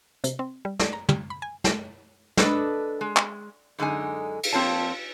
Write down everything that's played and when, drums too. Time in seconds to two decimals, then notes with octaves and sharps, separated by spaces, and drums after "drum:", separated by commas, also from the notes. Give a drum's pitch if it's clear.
0.24 C3, drum: hi-hat
0.39 C4
0.65 G3
0.79 D5, drum: snare
0.93 A#5
1.09 G3, drum: tom
1.30 B5
1.42 G#5
1.64 drum: snare
2.37 D4 A4 B4 D#5, drum: snare
3.01 G#3
3.17 drum: clap
3.79 F#2 D3 G#3 D#4 G#5
4.43 drum: cymbal
4.53 F2 A#3 C4 F4 C#5 A5